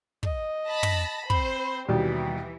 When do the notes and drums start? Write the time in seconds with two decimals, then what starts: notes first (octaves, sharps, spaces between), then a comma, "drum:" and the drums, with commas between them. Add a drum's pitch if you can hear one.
0.23 D#5, drum: kick
0.69 A5 B5 A#6
0.83 drum: tom
1.30 C4 C5 B5, drum: kick
1.89 D#2 B2 E3 G3 G4